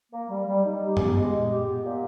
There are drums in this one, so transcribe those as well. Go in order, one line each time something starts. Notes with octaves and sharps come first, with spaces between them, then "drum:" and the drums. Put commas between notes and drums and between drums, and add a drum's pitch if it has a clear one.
A#3
G3
G3
D#4
G4
B3, drum: tom F#2
G#3
A#2
G4
B3
A#2